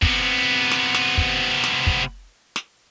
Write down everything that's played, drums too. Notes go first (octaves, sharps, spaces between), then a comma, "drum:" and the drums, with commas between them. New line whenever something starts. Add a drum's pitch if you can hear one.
C3 B3, drum: kick
drum: snare
drum: snare
drum: kick
drum: snare
drum: kick
drum: snare